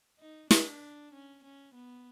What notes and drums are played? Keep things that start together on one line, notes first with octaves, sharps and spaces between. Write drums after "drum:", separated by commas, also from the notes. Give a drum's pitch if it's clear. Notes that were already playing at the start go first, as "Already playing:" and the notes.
D#4
D4, drum: snare
C#4
C#4
B3